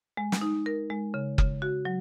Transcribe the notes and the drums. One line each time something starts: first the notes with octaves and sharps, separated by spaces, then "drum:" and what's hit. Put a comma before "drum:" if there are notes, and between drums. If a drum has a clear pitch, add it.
G#3
drum: snare
D#4
A#4
G#3
C#3
C#3, drum: kick F#1
F#4
F#3